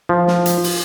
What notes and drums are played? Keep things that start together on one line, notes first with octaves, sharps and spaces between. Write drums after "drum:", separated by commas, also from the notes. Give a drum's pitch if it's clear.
F3
drum: snare
drum: hi-hat
drum: open hi-hat